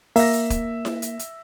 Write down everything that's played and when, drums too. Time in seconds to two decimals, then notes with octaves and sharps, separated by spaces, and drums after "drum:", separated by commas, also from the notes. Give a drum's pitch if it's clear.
0.16 A#3 E5 A#6, drum: open hi-hat
0.33 drum: hi-hat
0.50 drum: kick, hi-hat
0.85 drum: snare E4
1.02 drum: hi-hat
1.19 drum: hi-hat